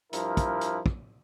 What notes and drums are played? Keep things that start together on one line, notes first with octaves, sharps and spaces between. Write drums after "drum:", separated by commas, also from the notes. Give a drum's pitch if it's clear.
G2 F3 E4 A#4, drum: hi-hat
drum: kick, hi-hat
drum: hi-hat
drum: kick